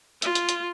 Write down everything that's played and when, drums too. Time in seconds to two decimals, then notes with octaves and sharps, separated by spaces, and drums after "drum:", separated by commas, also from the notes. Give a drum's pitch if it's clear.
0.22 F4, drum: hi-hat
0.35 drum: hi-hat
0.49 drum: hi-hat